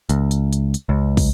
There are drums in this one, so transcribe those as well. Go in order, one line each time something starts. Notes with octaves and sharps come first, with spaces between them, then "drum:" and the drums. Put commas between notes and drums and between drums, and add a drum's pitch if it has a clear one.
C#2, drum: hi-hat
drum: hi-hat
drum: hi-hat
drum: hi-hat
C#2
drum: kick, open hi-hat